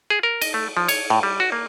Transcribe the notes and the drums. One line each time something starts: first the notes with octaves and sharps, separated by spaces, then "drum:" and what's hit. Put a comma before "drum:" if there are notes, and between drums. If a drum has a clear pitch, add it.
G#4
A#4
D#5, drum: cymbal
A3
F3
C#5, drum: cymbal
A2
G3
F#4
A#3